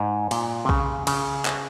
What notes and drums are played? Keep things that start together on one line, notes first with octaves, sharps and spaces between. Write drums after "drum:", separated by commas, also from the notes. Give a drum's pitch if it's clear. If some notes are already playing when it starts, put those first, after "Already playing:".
Already playing: G#2
A#2, drum: cymbal
C3
C#3, drum: kick B1
C#3, drum: cymbal
drum: clap